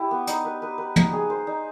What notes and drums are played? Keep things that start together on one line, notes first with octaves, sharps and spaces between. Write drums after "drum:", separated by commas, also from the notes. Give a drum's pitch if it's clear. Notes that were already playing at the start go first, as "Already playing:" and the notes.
Already playing: E4 G4
B3
D#4, drum: hi-hat
B4
B4
B4
D#4, drum: tom
G#4
C5
D#4